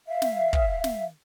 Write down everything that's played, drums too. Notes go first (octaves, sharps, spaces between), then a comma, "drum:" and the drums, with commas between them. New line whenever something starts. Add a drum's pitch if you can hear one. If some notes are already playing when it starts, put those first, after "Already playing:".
E5 F5
drum: snare
drum: kick
drum: snare